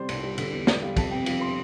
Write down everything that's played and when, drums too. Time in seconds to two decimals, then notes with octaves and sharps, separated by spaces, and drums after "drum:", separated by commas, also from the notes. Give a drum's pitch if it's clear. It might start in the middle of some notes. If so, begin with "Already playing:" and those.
Already playing: C3 G3 C5 D5
0.09 C2, drum: cymbal
0.23 G3
0.38 D3, drum: cymbal
0.52 E2
0.67 G3 D5, drum: snare
0.82 G3 F5
0.97 F2 A5, drum: kick, cymbal
1.11 C3 G5
1.26 F3 F5, drum: cymbal
1.41 C6